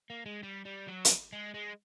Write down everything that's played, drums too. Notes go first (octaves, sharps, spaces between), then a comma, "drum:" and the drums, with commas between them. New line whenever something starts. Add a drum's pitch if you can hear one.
A#3
G#3
G3
G3
F#3
drum: hi-hat
G#3
G#3